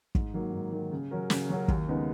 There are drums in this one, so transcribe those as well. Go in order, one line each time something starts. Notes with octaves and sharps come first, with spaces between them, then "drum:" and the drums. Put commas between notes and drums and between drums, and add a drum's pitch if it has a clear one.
G#2, drum: kick
D#3 F#3 A#3
G#2
D#3 F#3 A#3
C#3
F#3 C#4 F#4 A#4
C#3, drum: snare
F#3 C#4 F#4 A#4
D#2, drum: kick
C#3 G#3 B3 D#4